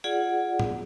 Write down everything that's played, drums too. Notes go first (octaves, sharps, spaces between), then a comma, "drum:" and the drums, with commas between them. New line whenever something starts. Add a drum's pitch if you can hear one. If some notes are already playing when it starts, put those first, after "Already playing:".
F4 G#4 D5 F#5
drum: tom A2